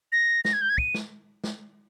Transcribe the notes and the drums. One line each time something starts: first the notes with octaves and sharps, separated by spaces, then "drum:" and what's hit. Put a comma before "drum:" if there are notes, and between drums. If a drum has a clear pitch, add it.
A#6
A#6, drum: snare
G#6
G6
G#6
D#7, drum: kick
drum: snare
drum: snare